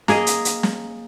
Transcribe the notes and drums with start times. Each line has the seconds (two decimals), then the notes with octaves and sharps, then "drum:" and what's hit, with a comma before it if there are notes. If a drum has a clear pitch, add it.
0.08 A#3 G#4 D#5, drum: snare
0.27 drum: hi-hat
0.45 drum: hi-hat
0.63 drum: snare